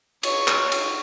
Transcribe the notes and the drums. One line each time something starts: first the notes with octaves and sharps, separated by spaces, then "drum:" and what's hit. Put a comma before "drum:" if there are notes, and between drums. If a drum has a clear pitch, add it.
C#5, drum: cymbal
drum: clap
drum: cymbal